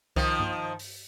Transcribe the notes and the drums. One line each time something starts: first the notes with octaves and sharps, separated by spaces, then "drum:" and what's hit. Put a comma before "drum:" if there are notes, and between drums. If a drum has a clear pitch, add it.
D#3 F3, drum: kick C2
drum: tom G2
drum: open hi-hat